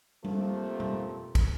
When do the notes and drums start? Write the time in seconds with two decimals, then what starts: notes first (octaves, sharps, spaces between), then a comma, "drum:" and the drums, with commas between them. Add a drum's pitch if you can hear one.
0.24 C3 F3 A3 A#3, drum: tom G3
0.80 drum: tom B2
1.35 drum: kick, cymbal